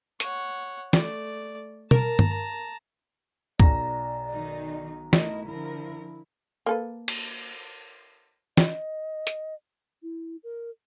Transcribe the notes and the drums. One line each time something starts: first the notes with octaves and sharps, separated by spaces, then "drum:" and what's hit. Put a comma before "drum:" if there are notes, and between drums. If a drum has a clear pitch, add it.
C#5 F#5, drum: hi-hat
A3 D5, drum: snare
A#4 A5 A#5, drum: tom
drum: tom G2
B1 D5 A#5 A#6, drum: kick
D#3 D#4
A3 E4 A#4 D#5, drum: snare
D3 F3 E4 A#4
A#3 A4 B4
drum: cymbal
D#5, drum: snare
drum: hi-hat
E4
A#4